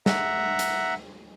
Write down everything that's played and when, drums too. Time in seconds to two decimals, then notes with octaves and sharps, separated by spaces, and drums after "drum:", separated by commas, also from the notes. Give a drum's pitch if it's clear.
0.06 E5 F#5 A#5, drum: snare
0.59 drum: hi-hat